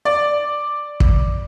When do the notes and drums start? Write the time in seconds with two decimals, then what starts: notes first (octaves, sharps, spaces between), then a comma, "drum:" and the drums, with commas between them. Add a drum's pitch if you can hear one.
0.05 D5
1.00 drum: kick